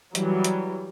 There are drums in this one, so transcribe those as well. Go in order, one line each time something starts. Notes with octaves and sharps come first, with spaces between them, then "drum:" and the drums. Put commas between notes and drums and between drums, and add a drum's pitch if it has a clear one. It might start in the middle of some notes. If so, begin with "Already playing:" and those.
E3 F#3 G3, drum: hi-hat
drum: hi-hat